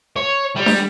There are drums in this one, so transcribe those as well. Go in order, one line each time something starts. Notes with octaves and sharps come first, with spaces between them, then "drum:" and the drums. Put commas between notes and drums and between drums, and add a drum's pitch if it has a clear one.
C#5
G3
drum: snare D4